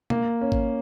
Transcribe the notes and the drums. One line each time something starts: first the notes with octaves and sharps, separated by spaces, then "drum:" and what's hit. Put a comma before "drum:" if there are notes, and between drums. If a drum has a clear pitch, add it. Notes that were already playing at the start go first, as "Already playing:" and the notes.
A#3, drum: tom
C#4
drum: kick A1